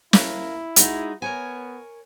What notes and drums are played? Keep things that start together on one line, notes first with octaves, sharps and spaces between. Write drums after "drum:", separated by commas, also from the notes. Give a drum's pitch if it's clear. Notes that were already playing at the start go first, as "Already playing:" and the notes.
A#3 E4, drum: snare
G#3 D#4 F#4, drum: hi-hat
B3 A#4 C#5 G#5